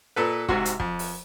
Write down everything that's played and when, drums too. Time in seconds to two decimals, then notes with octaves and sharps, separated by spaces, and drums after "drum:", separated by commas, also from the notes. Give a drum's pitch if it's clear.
0.16 A#2 A4 B4
0.49 G#2 C3 F#4, drum: kick
0.65 drum: hi-hat
0.80 F2, drum: kick
0.99 drum: open hi-hat